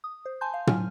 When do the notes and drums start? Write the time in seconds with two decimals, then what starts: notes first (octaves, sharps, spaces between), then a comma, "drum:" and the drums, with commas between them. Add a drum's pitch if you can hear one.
0.04 D#6
0.26 C5
0.41 G#5 A5 C6 G6
0.54 F5
0.67 F#3 G#5 F6, drum: tom